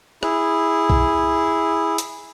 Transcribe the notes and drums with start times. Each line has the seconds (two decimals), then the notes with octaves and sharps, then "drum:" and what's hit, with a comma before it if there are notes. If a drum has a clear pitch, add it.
0.23 E4 G#4, drum: rim click
0.90 drum: kick B1
1.98 drum: hi-hat